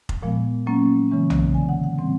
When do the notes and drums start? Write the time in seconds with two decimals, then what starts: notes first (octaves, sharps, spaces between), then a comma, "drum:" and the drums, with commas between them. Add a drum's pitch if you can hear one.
0.09 drum: kick F1
0.23 A#2 F3 G#3 B3
0.66 A#2 F#3 A#3 C#4
1.10 C#3 E3 G#3 C#4 C#6
1.30 drum: tom B1
1.54 F2 D3 F#3 G#5
1.69 F#5
1.84 F#5
1.98 A2 E3 G3 C4